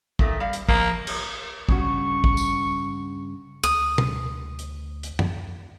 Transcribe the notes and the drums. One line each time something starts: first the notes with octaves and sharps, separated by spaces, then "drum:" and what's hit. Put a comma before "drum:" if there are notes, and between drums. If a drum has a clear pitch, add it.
A#2 D#3 A3, drum: kick
G3 F5
drum: hi-hat
F3 A#3, drum: kick
drum: cymbal
G2 C#3 F#4 C#6, drum: kick
drum: kick
drum: tambourine
D2 D#6
drum: tom
drum: hi-hat
drum: hi-hat
drum: tom F#2